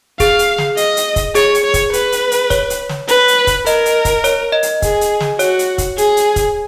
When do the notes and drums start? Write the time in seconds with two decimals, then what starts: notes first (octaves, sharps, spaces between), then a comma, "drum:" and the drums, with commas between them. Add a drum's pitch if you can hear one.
0.20 G#4 F5, drum: kick, hi-hat
0.39 drum: hi-hat
0.58 drum: snare
0.77 D#5, drum: hi-hat
0.97 drum: hi-hat
1.16 drum: kick, hi-hat
1.35 G#4 C#5, drum: hi-hat
1.55 drum: hi-hat
1.64 C#5
1.74 drum: kick, hi-hat
1.93 B4, drum: hi-hat
2.12 drum: hi-hat
2.32 drum: hi-hat
2.50 C#5, drum: kick, hi-hat
2.70 drum: hi-hat
2.89 drum: snare
3.08 B4, drum: hi-hat
3.28 drum: hi-hat
3.47 drum: kick, hi-hat
3.66 A#4 D#5, drum: hi-hat
3.86 drum: hi-hat
4.05 drum: kick, hi-hat
4.24 C#5, drum: hi-hat
4.52 D#5
4.63 drum: hi-hat
4.82 G#4, drum: kick, hi-hat
5.01 drum: hi-hat
5.20 drum: snare
5.39 F#4 C#5, drum: hi-hat
5.59 drum: hi-hat
5.78 drum: kick, hi-hat
5.98 G#4, drum: hi-hat
6.17 drum: hi-hat
6.36 drum: kick, hi-hat